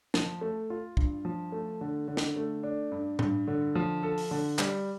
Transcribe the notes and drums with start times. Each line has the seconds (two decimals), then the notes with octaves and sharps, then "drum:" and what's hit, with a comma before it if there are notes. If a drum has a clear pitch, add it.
0.14 F3, drum: snare
0.41 A3
0.70 F4
0.97 G2, drum: kick
1.25 F3
1.52 A3
1.81 D3
2.08 D3
2.17 drum: snare
2.36 A3
2.63 D4
2.92 G2
3.19 G2, drum: tom A2
3.48 D3
3.75 F3
4.03 A4
4.18 drum: open hi-hat
4.31 D3
4.58 G3, drum: clap